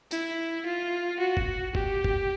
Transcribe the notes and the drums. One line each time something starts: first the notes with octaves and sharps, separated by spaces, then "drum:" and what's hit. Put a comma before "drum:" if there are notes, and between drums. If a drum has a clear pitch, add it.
E4, drum: tambourine
F4
F#4
drum: kick
G4, drum: kick
drum: kick